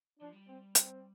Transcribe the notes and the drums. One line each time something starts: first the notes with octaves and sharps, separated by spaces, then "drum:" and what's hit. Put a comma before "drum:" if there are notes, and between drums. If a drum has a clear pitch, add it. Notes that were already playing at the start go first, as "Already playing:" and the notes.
F3 D4
G3
C4
C4, drum: hi-hat